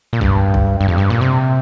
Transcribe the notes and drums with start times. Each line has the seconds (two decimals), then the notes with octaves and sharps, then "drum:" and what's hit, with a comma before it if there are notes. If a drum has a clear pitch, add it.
0.13 A#2
0.21 G2, drum: kick B1
0.54 drum: kick B1
0.81 G2
0.88 F2
0.98 G2
1.10 A#2
1.21 C3